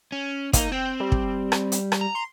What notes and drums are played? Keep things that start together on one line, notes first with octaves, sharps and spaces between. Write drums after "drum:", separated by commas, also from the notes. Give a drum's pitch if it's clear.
C#4
A#3 D#4, drum: kick, hi-hat
C4 G5
G3
drum: kick
drum: rim click
drum: hi-hat
drum: rim click
A#5
C6